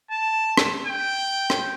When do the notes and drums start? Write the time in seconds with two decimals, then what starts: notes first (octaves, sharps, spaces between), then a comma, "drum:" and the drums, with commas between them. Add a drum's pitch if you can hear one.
0.11 A5
0.57 drum: rim click
0.87 G5
1.50 drum: rim click